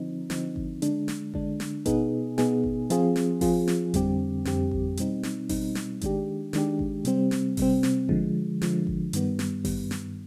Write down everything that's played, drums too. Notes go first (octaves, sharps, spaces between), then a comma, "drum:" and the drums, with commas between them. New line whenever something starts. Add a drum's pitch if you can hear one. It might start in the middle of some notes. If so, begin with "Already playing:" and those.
Already playing: D3 F3 C4 D#4
D3 F3 C4 D#4, drum: snare
drum: kick G#1
D3 G#3 D4, drum: hi-hat
drum: snare
D3 G#3 D4, drum: kick G#1
drum: snare
B2 B3 D#4 G#4, drum: kick G#1, hi-hat
B2 B3 D#4 G#4, drum: snare
drum: kick G#1
F3 C4 F4 G#4, drum: hi-hat
drum: snare
F3 C4 F4 G#4, drum: kick G#1, open hi-hat
drum: snare
F2 D3 G3 C4 G4, drum: kick G#1, hi-hat
F2 D3 G3 C4 G4, drum: snare
drum: kick G#1
B2 G3 C4 D#4, drum: hi-hat
drum: snare
B2 G3 C4 D#4, drum: kick G#1, open hi-hat
drum: snare
D#3 G#3 D4 G4, drum: kick G#1, hi-hat
D#3 G#3 D4 G4, drum: snare
drum: kick G#1
C3 G3 C4, drum: hi-hat
drum: snare
C3 G3 C4, drum: kick G#1, open hi-hat
drum: snare
D3 F3 G#3, drum: kick G#1
D3 F3 G#3, drum: snare
drum: kick G#1
G2 D#3 G3 B3, drum: hi-hat
drum: snare
G2 D#3 G3 B3, drum: kick G#1, open hi-hat
drum: snare